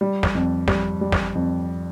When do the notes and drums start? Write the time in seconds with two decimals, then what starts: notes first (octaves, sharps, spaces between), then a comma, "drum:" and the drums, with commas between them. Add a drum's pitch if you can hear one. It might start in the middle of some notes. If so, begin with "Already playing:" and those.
0.01 G3
0.23 drum: snare
0.35 F2
0.68 G3, drum: snare
1.01 G3
1.12 drum: snare
1.35 F2